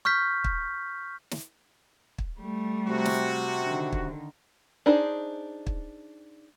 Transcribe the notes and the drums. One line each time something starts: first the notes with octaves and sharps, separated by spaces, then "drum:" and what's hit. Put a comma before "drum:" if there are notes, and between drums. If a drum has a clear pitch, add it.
C#6 F6 G6 B6
drum: kick
drum: snare
drum: kick
G3 A3
C3 F#4
drum: snare
D3 D#3
drum: kick
D4 D#4 G#4 C5
drum: kick